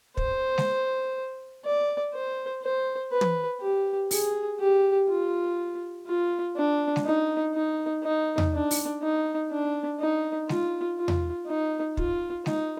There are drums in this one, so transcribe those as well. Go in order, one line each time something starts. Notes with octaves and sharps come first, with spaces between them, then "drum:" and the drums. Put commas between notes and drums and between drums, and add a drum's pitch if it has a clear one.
C5, drum: kick
drum: snare G#3
D5
C5
C5
B4
drum: tom
G4
G#4, drum: open hi-hat
G4
F4
F4
D4
drum: snare G#3
D#4
D#4
D#4
drum: tom E2
D4
drum: open hi-hat
D#4
D4
D#4
F4, drum: snare G#3
F4
drum: tom E2
D#4
F4, drum: kick
D#4, drum: snare G#3